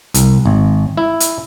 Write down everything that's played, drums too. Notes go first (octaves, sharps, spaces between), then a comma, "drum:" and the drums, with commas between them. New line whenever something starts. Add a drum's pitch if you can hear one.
C2, drum: hi-hat
G#1
E4
drum: hi-hat